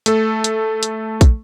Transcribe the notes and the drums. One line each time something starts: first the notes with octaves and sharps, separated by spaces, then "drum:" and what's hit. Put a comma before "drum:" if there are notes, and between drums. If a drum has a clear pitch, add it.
A3 A4, drum: hi-hat
drum: hi-hat
drum: hi-hat
drum: kick, hi-hat